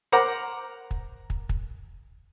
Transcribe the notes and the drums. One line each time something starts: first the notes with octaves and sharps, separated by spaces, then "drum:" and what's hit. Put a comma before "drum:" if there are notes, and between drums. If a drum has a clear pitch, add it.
A#4 C5 F#5 A#5 D6
drum: kick
drum: kick
drum: kick